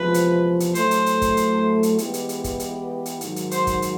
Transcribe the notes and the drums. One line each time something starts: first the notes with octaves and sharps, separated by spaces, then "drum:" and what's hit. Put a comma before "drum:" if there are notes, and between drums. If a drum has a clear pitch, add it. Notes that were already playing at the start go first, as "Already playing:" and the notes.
Already playing: E2 C3 F3 G#3 B4
drum: hi-hat
drum: hi-hat
A2 F#3 A3 C5, drum: hi-hat
drum: hi-hat
drum: hi-hat
drum: kick, hi-hat
drum: hi-hat
drum: hi-hat
E3 G#3 B3 E4 G4, drum: hi-hat
drum: hi-hat
drum: hi-hat
drum: kick, hi-hat
drum: hi-hat
drum: hi-hat
G#2 D#3 F#3, drum: hi-hat
drum: hi-hat
C5, drum: hi-hat
drum: kick, hi-hat
drum: hi-hat